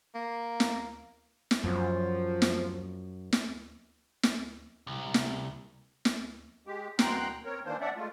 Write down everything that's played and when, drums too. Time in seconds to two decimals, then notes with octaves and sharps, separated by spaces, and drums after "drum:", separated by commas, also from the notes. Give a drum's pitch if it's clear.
0.14 A#3
0.60 drum: snare
1.51 drum: snare
1.64 F#2 F3
2.42 drum: snare
3.33 drum: snare
4.23 drum: snare
4.87 C2
5.14 drum: snare
6.05 drum: snare
6.67 G#3 G4
6.99 F#2 B2 G5 A#5 C6 F#6, drum: snare
7.45 C4 A#4 C#5
7.65 D#3 E3 A#3 D4 C5
7.81 C#4 D4 D5 E5 F#5
7.96 G#3 A3 F4